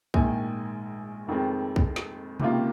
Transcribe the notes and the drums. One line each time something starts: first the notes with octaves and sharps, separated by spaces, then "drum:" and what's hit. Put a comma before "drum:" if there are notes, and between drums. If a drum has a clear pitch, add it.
A#1 G#2 D#3 G#5, drum: kick
F1 F2 D#3 G#3 C4
drum: kick
drum: snare
C#2 C3 D#3 A#3 F4, drum: tom B2